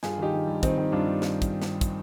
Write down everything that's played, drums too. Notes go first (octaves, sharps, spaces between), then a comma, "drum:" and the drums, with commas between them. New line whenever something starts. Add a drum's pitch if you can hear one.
G2 F4 G#4, drum: snare
D#3 D#4 G4
D#3
G2
D#3 C4 D#4, drum: kick, hi-hat
D#3
G2 D4 F4
G2
drum: snare
drum: kick, hi-hat
drum: snare
drum: kick, hi-hat